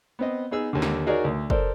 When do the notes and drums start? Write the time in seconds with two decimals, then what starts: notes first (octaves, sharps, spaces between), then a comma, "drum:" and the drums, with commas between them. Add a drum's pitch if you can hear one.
0.19 B3 C4 D#5
0.51 B3 D#4 G#4 E6
0.73 D#2 D3
0.82 drum: snare
1.06 D#4 F#4 G#4 A#4 C#5 D5
1.24 D2
1.50 A4 A#4 C5 D5, drum: kick